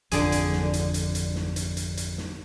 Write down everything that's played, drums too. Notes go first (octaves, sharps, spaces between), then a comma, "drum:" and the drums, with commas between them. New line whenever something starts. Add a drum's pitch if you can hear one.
G#1 F2 D3 F3 G#4, drum: hi-hat
drum: hi-hat
drum: snare
drum: hi-hat
drum: hi-hat
drum: hi-hat
drum: snare
drum: hi-hat
drum: hi-hat
drum: hi-hat
drum: snare